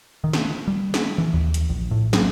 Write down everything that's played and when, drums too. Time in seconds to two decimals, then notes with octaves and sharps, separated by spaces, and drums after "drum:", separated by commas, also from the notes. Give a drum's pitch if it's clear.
0.24 D#3
0.33 drum: snare
0.68 G3
0.94 drum: snare
1.18 E3
1.34 D#2
1.54 drum: hi-hat
1.69 A#1
1.91 A2
2.13 F#3, drum: snare